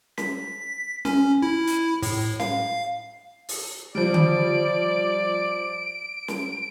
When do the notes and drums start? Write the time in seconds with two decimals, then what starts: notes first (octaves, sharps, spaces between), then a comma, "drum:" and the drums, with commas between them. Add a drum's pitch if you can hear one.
0.18 B6, drum: snare
1.05 C#4, drum: snare
1.42 E4
1.67 drum: hi-hat
2.02 A2, drum: open hi-hat
2.40 F5, drum: snare
3.49 drum: open hi-hat
3.95 F3 G3 D5 D7
4.14 drum: tom D3
6.28 drum: snare